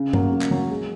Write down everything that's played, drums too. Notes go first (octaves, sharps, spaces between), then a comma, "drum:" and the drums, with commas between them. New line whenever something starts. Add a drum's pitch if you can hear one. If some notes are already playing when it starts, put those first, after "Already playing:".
Already playing: C#3
F#3 A#3, drum: tom G2
C#3
drum: clap
F#3 A#3
G#3